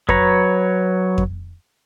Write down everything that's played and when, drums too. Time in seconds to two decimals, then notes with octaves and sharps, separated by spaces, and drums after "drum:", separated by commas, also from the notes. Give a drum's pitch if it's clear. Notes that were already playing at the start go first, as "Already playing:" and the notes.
0.09 F#3 B4 C#5 A#5, drum: kick F2
1.18 drum: kick F2